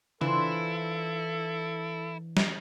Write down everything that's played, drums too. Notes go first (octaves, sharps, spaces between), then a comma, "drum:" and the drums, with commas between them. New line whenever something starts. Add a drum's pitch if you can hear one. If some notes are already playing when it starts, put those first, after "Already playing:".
E3 D4 E4 F4 A4 C5, drum: tom C#3
drum: snare